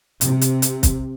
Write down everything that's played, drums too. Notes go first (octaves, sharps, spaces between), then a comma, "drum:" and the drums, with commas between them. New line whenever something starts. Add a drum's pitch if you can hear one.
C3, drum: hi-hat
drum: hi-hat
drum: hi-hat
drum: kick, hi-hat